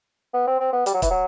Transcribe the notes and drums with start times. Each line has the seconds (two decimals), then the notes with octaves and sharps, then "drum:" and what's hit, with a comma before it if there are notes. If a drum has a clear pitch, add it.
0.34 B3
0.47 C4
0.60 C4
0.73 B3
0.86 G3, drum: hi-hat
0.94 F#3
1.02 E3, drum: kick, hi-hat
1.10 F#3